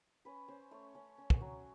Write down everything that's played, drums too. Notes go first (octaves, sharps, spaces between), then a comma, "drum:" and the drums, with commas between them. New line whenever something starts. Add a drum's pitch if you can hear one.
C#4 B4
C#4 C5
A3 C#5
C#4 C#5
C#4
drum: kick
F#3